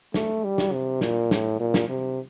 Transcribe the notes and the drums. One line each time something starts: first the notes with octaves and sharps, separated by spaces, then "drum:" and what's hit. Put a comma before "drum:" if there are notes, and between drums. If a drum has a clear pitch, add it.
A3, drum: snare
G3
drum: snare
C3
A#2, drum: snare
A2, drum: snare
A#2
drum: snare
C3